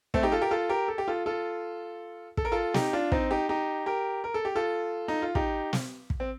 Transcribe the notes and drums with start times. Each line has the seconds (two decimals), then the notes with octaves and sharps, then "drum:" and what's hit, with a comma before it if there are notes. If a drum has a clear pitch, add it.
0.14 A3 C4, drum: kick
0.23 D#4 G4
0.32 F4 A4
0.42 G4 A#4
0.51 F4 A4
0.70 G4 A#4
0.88 A4
0.98 G4
1.08 F4 A4
1.26 F4 A4
2.37 A4, drum: kick
2.45 A#4
2.52 F4 A4
2.74 D#4 G4, drum: snare
2.93 D4 F4
3.12 C4 D#4, drum: kick
3.31 D#4 G4
3.49 D#4 G4
3.86 G4 A#4
4.24 A#4
4.34 A4
4.45 G4
4.55 F4 A4
5.08 D#4
5.22 F4
5.35 D#4 G4, drum: kick
5.73 drum: snare
6.10 drum: kick
6.20 C4